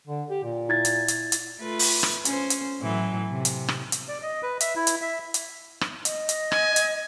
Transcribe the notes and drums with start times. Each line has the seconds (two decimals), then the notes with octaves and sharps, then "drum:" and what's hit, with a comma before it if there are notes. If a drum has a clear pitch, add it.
0.07 D3
0.30 G4
0.43 A#2
0.69 E4 G#6 A6
0.85 drum: hi-hat
1.08 drum: hi-hat
1.32 drum: hi-hat
1.59 A3 F4 B4
1.79 drum: open hi-hat
2.03 drum: rim click
2.25 C#4 C5, drum: hi-hat
2.50 drum: hi-hat
2.81 A2 E3 F#3
3.30 C3
3.45 drum: hi-hat
3.68 drum: rim click
3.92 drum: hi-hat
4.08 D5
4.23 D#5
4.43 B4
4.60 E5, drum: hi-hat
4.76 E4
4.87 drum: hi-hat
5.02 E5
5.34 drum: hi-hat
5.81 drum: rim click
6.05 D#5, drum: hi-hat
6.29 drum: hi-hat
6.52 G#5, drum: rim click
6.76 drum: hi-hat